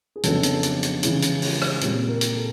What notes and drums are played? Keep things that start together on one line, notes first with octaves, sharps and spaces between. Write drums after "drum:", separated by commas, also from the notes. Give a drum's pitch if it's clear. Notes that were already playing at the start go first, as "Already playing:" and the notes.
G#4
F2 C#3 F#3 B3 D4 A4, drum: hi-hat
drum: hi-hat
drum: hi-hat
drum: hi-hat
C#3 E3 G#3, drum: hi-hat
drum: hi-hat
drum: open hi-hat
drum: rim click
A#2 G3 C4, drum: hi-hat
A#4
drum: hi-hat
A4